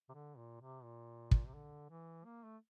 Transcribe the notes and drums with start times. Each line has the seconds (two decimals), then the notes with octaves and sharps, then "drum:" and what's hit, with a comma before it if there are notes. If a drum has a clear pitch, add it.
0.09 C3
0.14 D3
0.37 A#2
0.61 C3
0.84 A#2
1.31 drum: kick
1.47 C3
1.55 D3
1.90 E3
2.25 A#3
2.44 A3